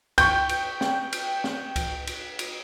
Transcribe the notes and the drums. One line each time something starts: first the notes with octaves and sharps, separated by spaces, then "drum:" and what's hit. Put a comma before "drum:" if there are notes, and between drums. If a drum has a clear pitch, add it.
G5 C#6 G6, drum: kick C#2, cymbal
drum: cymbal
drum: snare
drum: cymbal
drum: snare
drum: kick C#2, cymbal
drum: cymbal
drum: cymbal